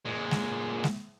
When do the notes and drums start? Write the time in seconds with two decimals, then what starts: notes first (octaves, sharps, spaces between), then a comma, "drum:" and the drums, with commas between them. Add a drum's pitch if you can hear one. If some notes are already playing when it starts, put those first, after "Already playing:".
0.05 A#2 G#3
0.31 drum: snare G#3
0.84 drum: snare G#3